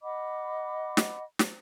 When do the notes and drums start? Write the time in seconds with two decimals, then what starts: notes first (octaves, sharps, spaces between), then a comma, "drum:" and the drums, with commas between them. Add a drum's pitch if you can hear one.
0.02 D#5 F#5 B5 D6
0.97 drum: snare
1.39 drum: snare